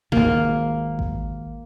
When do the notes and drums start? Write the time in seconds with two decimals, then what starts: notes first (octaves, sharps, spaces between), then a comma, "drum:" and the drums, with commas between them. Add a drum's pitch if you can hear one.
0.12 G#1 D#2 A#3, drum: tom A2
0.99 drum: kick A1